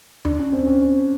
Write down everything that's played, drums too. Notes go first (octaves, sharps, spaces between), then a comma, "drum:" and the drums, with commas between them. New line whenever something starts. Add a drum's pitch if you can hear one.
D4, drum: tom D2
C#4
C4
C#4